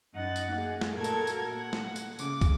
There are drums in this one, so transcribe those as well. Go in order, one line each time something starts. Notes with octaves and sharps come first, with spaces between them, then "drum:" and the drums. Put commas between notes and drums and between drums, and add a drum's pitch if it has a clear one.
F#2 D#4 F#5 A6
drum: tambourine
A#3 G#4
drum: snare
A#2 F#4 A4 A#4 G#6
drum: tambourine
drum: tambourine
A#3 F#5
drum: snare
drum: tambourine
C#3 D6, drum: tambourine
drum: kick, tambourine